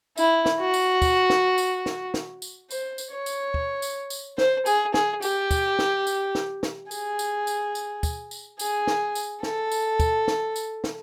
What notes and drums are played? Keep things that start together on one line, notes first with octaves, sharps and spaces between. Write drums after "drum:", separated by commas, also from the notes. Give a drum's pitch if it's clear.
E4, drum: tambourine
drum: snare
F#4
drum: tambourine
drum: kick, tambourine
drum: snare
drum: tambourine
drum: snare
drum: snare
drum: tambourine
C5, drum: tambourine
drum: tambourine
C#5
drum: tambourine
drum: kick
drum: tambourine
drum: tambourine
C5, drum: snare
G#4, drum: tambourine
G#4, drum: snare
G4, drum: tambourine
drum: kick, tambourine
drum: snare
drum: tambourine
drum: snare
drum: snare
G#4, drum: tambourine
drum: tambourine
drum: tambourine
drum: tambourine
drum: kick, tambourine
drum: tambourine
G#4, drum: tambourine
drum: snare
drum: tambourine
A4, drum: snare
drum: tambourine
drum: kick, tambourine
drum: snare
drum: tambourine
drum: snare